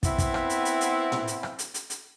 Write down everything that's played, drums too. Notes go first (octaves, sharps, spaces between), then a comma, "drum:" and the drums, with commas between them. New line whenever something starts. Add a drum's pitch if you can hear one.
B3 C4 E4, drum: kick, hi-hat
drum: kick, hi-hat
drum: rim click
drum: hi-hat
drum: hi-hat
drum: hi-hat
drum: tom A2
drum: hi-hat
drum: rim click
drum: hi-hat
drum: hi-hat
drum: hi-hat